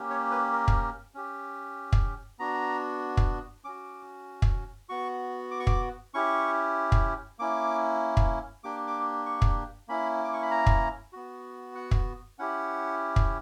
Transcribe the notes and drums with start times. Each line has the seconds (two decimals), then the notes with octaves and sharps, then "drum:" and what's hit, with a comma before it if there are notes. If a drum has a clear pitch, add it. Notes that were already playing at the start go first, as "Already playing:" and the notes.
Already playing: A#3 C#4 G4
0.10 C#5
0.31 B4
0.52 A#4
0.68 drum: kick
1.15 C#4 G4
1.93 drum: kick
2.39 B3 D4 F#4 A#5
3.17 drum: kick
3.65 C#4 F#4 D6
4.42 drum: kick
4.89 B3 F#4 C#6
5.51 D6
5.60 C#6
5.67 D6, drum: kick
6.14 C#4 E4 G4 C#6
6.92 drum: kick
7.39 A#3 C#4 E4 D6
8.17 drum: kick
8.64 A#3 D4 G4 D6
8.87 D6
9.26 C#6
9.42 drum: kick
9.88 A#3 C#4 E4 B5
10.24 D6
10.33 C#6
10.42 B5
10.51 A#5
10.67 drum: kick
11.13 B3 F#4
11.75 F#5
11.91 drum: kick
12.39 C#4 E4 G4 F#5
13.16 drum: kick